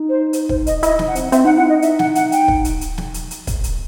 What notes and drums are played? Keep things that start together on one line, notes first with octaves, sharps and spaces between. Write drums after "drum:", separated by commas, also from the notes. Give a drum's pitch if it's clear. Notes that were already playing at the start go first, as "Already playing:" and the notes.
Already playing: D#4
C5
C5, drum: hi-hat
C5, drum: kick
D#5, drum: hi-hat
E4 D#5, drum: hi-hat
D#4, drum: snare
F#5
C4, drum: hi-hat
C4 E5, drum: hi-hat
D#4 F#5
E4 F#5
D#4 D#5
E5, drum: hi-hat
F#5, drum: snare
F#5, drum: hi-hat
G5, drum: hi-hat
drum: kick
drum: hi-hat
drum: hi-hat
drum: snare
drum: hi-hat
drum: hi-hat
drum: kick, hi-hat
drum: hi-hat